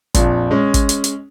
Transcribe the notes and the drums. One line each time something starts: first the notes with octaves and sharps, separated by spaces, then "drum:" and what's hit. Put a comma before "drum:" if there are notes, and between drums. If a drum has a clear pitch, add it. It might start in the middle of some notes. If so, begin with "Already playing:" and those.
A#1 F2, drum: kick, hi-hat
G#3 C#4
drum: kick, hi-hat
drum: hi-hat
drum: hi-hat